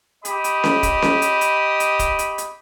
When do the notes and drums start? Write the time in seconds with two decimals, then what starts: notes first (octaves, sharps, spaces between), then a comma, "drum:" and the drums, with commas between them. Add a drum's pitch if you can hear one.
0.25 G4 D#5 B5 D#6, drum: hi-hat
0.44 drum: hi-hat
0.64 drum: snare C#4
0.83 drum: kick, hi-hat
1.02 drum: snare C#4
1.22 drum: hi-hat
1.41 drum: hi-hat
1.80 drum: hi-hat
1.99 drum: kick, hi-hat
2.19 drum: hi-hat
2.38 drum: hi-hat